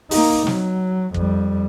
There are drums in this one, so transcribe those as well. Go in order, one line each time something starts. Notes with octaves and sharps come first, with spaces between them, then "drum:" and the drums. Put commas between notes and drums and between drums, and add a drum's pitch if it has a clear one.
A#3 D#4, drum: open hi-hat
F#3, drum: snare
F2 G3, drum: kick